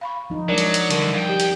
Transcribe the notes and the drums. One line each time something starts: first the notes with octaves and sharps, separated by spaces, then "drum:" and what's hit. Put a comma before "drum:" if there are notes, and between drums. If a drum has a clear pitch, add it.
F5 B5 C#6
F3 D#4
F#3 G#3 D4 A#4 D5
drum: hi-hat
drum: hi-hat
D3 E3 G3 A#4 C#6, drum: hi-hat
F2 G5
G4
drum: hi-hat